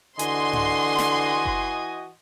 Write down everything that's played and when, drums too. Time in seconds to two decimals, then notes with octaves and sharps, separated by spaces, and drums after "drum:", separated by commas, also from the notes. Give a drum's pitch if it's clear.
0.19 D3 E3 F#4 D#5 G#5 C6, drum: hi-hat
0.53 drum: tom G#2
0.99 drum: snare
1.45 drum: kick F#1